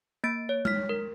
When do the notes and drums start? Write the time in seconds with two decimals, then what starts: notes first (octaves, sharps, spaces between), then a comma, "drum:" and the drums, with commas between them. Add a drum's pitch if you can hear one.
0.24 A#3 A6 D7
0.49 C#5
0.65 F6 B6, drum: tom G#3
0.89 A#4